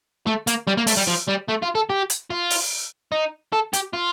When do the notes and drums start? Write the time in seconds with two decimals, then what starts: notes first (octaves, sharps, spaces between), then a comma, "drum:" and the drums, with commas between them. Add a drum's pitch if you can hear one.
0.27 A3
0.47 A#3, drum: hi-hat
0.67 G3
0.77 A#3
0.87 A3, drum: open hi-hat
0.97 G3
1.08 F3
1.28 G3
1.49 A3
1.63 F4
1.75 A4
1.90 G4
2.10 drum: hi-hat
2.30 F4
2.50 drum: open hi-hat
3.12 D#4
3.53 A4
3.73 G4, drum: hi-hat
3.94 F4